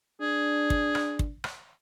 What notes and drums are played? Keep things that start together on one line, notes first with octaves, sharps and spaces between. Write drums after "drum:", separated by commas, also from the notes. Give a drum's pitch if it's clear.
D4 G#4
drum: kick
drum: rim click
drum: kick
drum: rim click